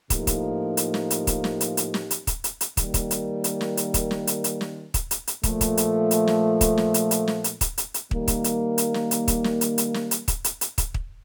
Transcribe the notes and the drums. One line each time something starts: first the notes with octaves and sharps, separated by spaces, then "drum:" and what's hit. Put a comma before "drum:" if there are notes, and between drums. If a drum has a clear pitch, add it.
A2 F3 A#3 D#4 G4, drum: kick, hi-hat
drum: kick, hi-hat
drum: hi-hat
drum: snare
drum: hi-hat
drum: kick, hi-hat
drum: snare
drum: hi-hat
drum: hi-hat
drum: snare
drum: hi-hat
drum: kick, hi-hat
drum: hi-hat
drum: hi-hat
D#3 G3 A#3, drum: kick, hi-hat
drum: kick, hi-hat
drum: hi-hat
drum: hi-hat
drum: snare
drum: hi-hat
drum: kick, hi-hat
drum: snare
drum: hi-hat
drum: hi-hat
drum: snare
drum: kick, hi-hat
drum: hi-hat
drum: hi-hat
A#2 F3 A3, drum: kick, hi-hat
drum: kick, hi-hat
drum: hi-hat
drum: hi-hat
drum: snare
drum: kick, hi-hat
drum: snare
drum: hi-hat
drum: hi-hat
drum: snare
drum: hi-hat
drum: kick, hi-hat
drum: hi-hat
drum: hi-hat
D#3 G3 A#3, drum: kick
drum: kick, hi-hat
drum: hi-hat
drum: hi-hat
drum: snare
drum: hi-hat
drum: kick, hi-hat
drum: snare
drum: hi-hat
drum: hi-hat
drum: snare
drum: hi-hat
drum: kick, hi-hat
drum: hi-hat
drum: hi-hat
drum: kick, hi-hat
drum: kick